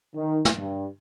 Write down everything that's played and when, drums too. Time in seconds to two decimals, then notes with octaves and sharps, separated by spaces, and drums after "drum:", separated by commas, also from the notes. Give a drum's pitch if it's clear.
0.15 D#3
0.45 drum: snare
0.56 G2